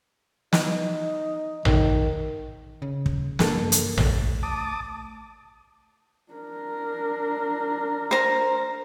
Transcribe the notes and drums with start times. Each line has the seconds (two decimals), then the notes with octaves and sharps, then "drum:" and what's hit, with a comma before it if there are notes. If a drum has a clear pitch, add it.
0.53 D#4, drum: snare
1.65 D#3, drum: tom A1
2.82 C#3
3.06 drum: kick
3.39 G2 A#3 D4 A4, drum: snare
3.72 drum: hi-hat
3.98 C2 A3 D5, drum: tom A1
4.43 A5 D6 D#6
6.33 D4 A#4
8.11 C5 A#5